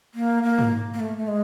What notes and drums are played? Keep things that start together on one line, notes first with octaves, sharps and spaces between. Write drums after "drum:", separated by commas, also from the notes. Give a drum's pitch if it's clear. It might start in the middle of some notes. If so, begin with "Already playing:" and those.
A#3
A#3
drum: tom G#2
A#3
A3
A3
G#3